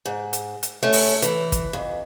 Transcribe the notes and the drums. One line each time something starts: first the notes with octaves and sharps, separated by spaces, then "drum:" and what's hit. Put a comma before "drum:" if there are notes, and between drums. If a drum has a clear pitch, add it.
G#2
drum: hi-hat
drum: hi-hat
A3 C#4
drum: open hi-hat
E3, drum: hi-hat
drum: kick, hi-hat
F2